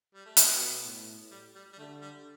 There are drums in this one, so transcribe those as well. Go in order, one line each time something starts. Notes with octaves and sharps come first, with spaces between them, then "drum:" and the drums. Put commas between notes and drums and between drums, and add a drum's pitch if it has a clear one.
G3
A3
B2 B3, drum: hi-hat
A2
G3
G3
G3
D3 A3
G3